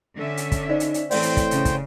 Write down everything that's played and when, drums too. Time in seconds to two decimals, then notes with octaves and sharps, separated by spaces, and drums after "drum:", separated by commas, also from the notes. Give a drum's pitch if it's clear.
0.15 D3 C#4 E5
0.37 drum: hi-hat
0.52 drum: kick, hi-hat
0.69 D#4 C5 D5
0.80 drum: hi-hat
0.94 drum: hi-hat
1.11 A2 E3 A3 C4 C5 D5 G5, drum: open hi-hat
1.23 drum: hi-hat
1.37 drum: kick, hi-hat
1.51 C#3, drum: hi-hat
1.65 drum: kick, hi-hat